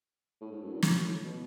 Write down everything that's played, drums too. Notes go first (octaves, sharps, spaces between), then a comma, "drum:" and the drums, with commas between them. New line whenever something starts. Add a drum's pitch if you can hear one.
A2
G#2
F#2
E2
G#2, drum: snare
F#2
A2
B2